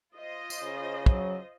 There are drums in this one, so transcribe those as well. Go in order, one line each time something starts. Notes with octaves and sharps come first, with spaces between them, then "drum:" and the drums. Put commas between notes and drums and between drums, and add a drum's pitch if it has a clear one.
F4 C5 D#5
drum: tambourine
C#3
F#3, drum: kick